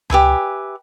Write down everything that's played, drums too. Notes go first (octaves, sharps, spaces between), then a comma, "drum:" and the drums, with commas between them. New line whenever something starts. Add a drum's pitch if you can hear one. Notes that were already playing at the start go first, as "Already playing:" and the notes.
G4 B4 E5 G#5, drum: tom C#2